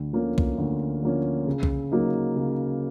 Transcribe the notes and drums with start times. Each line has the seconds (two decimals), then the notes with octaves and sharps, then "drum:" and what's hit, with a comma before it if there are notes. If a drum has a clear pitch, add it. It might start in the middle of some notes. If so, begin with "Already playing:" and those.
Already playing: D2
0.13 D3 F3 A#3 C#4
0.38 drum: kick B1
0.58 D2
1.03 D3 F3 A#3 C#4
1.47 C#3
1.63 drum: kick B1
1.92 F#3 A#3 D#4
2.36 C#3